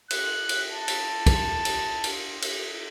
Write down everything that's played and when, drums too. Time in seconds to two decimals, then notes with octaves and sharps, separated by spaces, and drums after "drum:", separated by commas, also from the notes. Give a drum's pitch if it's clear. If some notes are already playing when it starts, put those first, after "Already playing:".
0.11 F#6, drum: cymbal
0.49 drum: cymbal
0.71 A5
0.88 drum: cymbal
1.26 drum: kick, cymbal
1.65 drum: cymbal
2.04 drum: cymbal
2.42 drum: cymbal